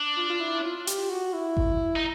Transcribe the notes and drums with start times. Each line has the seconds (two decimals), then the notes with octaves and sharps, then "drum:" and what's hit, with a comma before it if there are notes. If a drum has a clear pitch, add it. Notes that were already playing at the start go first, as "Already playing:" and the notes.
Already playing: D4
0.17 F4
0.30 F4
0.40 E4
0.63 F4
0.87 G4, drum: hi-hat
1.10 F#4
1.33 E4
1.57 drum: kick G#1
1.96 D#4